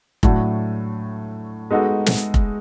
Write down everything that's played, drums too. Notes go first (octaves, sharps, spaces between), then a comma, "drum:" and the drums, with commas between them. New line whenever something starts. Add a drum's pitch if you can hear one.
A2 F#3 A3 D4 F#4, drum: kick F1
G#3 B3 D#4 F#4 A4
drum: snare
drum: kick F1